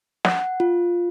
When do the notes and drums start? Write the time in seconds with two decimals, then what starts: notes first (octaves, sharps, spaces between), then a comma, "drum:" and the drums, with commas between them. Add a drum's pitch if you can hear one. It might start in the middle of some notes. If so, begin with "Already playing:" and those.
0.25 F#5, drum: snare
0.60 F4